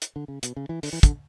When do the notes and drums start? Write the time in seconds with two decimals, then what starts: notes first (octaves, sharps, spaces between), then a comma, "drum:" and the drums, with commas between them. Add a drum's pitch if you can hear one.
0.02 drum: hi-hat
0.16 D3
0.28 C#3
0.43 B2, drum: hi-hat
0.57 C#3
0.69 E3
0.83 D3, drum: open hi-hat
0.93 E3
1.03 D3, drum: kick, hi-hat